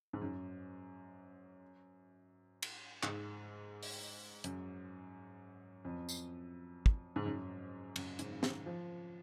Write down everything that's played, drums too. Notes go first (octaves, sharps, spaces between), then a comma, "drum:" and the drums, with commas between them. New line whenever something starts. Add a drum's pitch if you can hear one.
G#2
F#2
drum: cymbal
G#2, drum: clap
drum: open hi-hat
F#2, drum: hi-hat
F2
drum: tambourine
drum: kick
G#2
F#2
F#2, drum: cymbal
G#2, drum: hi-hat
C#3
D#3, drum: snare
F3